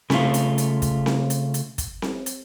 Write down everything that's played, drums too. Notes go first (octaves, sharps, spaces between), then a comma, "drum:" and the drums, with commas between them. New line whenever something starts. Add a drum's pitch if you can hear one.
C#3 A3 F4, drum: snare C4
drum: hi-hat
drum: hi-hat
drum: kick, hi-hat
drum: snare C4
drum: hi-hat
drum: hi-hat
drum: kick, hi-hat
drum: snare C4
drum: hi-hat